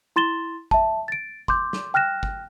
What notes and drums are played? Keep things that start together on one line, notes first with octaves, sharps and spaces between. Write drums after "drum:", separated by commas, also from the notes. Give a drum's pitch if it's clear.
E4 C6 A6 E7 G7
E5 A5, drum: kick G1
A6 D7
C6 D6 G6, drum: kick G1
drum: snare
G5 F6 F#6 A#6 E7
drum: kick G1